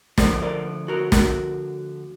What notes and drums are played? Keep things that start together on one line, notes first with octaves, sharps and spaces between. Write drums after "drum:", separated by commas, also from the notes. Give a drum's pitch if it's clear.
D2 D3 F3 A#4 D5, drum: snare
A#4 D5
F#4 A#4
F#4 A#4, drum: snare